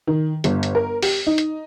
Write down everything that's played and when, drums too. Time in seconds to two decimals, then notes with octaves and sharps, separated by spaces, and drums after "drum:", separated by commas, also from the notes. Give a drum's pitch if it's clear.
0.07 D#3
0.44 G1, drum: hi-hat
0.63 drum: hi-hat
0.75 A#4
1.02 G4, drum: open hi-hat
1.27 D#4
1.38 drum: hi-hat